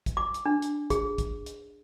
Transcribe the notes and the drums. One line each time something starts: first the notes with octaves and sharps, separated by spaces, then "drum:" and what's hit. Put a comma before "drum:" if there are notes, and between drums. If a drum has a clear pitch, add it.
drum: kick, hi-hat
D6
drum: hi-hat
D4
drum: hi-hat
G#4, drum: kick, hi-hat
drum: kick, hi-hat
drum: hi-hat